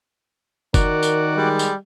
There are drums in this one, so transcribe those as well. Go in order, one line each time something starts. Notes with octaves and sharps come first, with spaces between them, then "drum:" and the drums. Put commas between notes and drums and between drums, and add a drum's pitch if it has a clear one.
D#3 F#4 A#4 D5, drum: kick, tambourine
drum: tambourine
G3 G#3
drum: tambourine